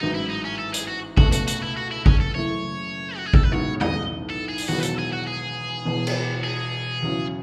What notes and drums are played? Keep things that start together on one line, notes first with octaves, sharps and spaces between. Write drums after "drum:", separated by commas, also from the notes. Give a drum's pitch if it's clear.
A1 G#2 F#3 D#4
E4
D#4
C#4
A4
G#4, drum: hi-hat
F#4
C#2 B2 A3 F#4, drum: kick
F#4, drum: hi-hat
F#4, drum: hi-hat
E4
F#4
E4
C#4, drum: kick
A4
F#1 F#2 E3 A3 E4 C#5
F#4
G#4
A4, drum: kick
B4
B1 A2 G#3 B3 F#4 C#5
D#5, drum: tom
A4
G#4
drum: open hi-hat
E1 E2 D#3 F#3 B3 F#4
B4
A4, drum: hi-hat
G#4
F#4
G#4
E1 E2 B2
drum: cymbal
G#4
E2 C#3 F#3 C#4 E4